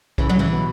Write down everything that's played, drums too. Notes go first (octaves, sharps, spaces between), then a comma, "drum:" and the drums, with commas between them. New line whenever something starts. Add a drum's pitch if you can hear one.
C#3 E3, drum: kick B1
F#3
C#3 E3
B2